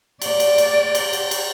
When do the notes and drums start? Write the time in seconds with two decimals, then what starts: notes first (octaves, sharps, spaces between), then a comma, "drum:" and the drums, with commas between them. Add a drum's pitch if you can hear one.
0.22 D5, drum: cymbal
0.40 drum: cymbal
0.58 drum: cymbal
0.95 drum: cymbal
1.13 drum: cymbal
1.31 drum: cymbal